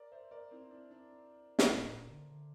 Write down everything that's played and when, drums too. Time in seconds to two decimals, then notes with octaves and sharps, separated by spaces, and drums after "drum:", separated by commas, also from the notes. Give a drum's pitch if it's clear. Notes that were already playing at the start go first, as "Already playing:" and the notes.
Already playing: A#4 D5
0.12 C5 E5
0.31 A#4 D5
0.51 C4 E4
0.71 D4
0.91 D4
1.59 drum: snare
1.70 A2
1.91 A#2
2.10 D3
2.30 D3